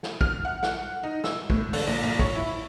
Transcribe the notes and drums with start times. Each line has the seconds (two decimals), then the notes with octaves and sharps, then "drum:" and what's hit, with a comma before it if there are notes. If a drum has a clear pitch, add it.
0.03 drum: snare
0.21 F6, drum: kick
0.45 F#5
0.63 F#5, drum: snare
1.04 D#4
1.24 E6, drum: snare
1.50 A2, drum: kick
1.73 D3, drum: open hi-hat
1.87 A#1
2.03 A#1
2.19 C#5, drum: kick
2.35 E4